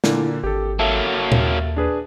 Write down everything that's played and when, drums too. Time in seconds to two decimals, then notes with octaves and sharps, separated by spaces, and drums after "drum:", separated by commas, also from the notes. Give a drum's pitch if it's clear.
0.04 A#2 D3 A#3 E4, drum: snare
0.44 G#1 G4 A4
0.79 F#3 A#3 A4 E5 A5
1.32 D#2, drum: tom A#2
1.76 D4 G#4 B4